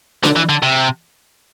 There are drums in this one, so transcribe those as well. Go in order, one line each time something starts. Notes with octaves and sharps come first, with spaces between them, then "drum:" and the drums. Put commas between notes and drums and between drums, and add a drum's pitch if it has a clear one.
D3, drum: snare D4
E3
D3
C3